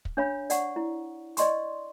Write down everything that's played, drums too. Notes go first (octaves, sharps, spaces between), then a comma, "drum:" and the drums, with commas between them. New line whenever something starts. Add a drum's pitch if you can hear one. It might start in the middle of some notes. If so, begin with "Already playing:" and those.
drum: kick
D4 C#5 F5 B5
D5 F#5 C#6, drum: hi-hat
E4
D5 D#5 C6 C#6, drum: hi-hat